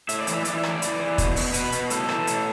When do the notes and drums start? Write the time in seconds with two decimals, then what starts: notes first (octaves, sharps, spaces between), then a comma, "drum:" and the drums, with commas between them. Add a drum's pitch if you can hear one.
0.09 A2 E5, drum: hi-hat
0.21 D5
0.27 E3, drum: hi-hat
0.34 E5
0.45 E3 D5, drum: hi-hat
0.58 E5
0.63 A2, drum: rim click
0.70 D5
0.82 E3, drum: hi-hat
1.00 E3
1.18 B2, drum: kick, hi-hat
1.36 B2, drum: open hi-hat
1.54 B2 B4, drum: hi-hat
1.72 B2, drum: hi-hat
1.90 A2 A4, drum: hi-hat
2.09 E3, drum: rim click
2.27 A2, drum: hi-hat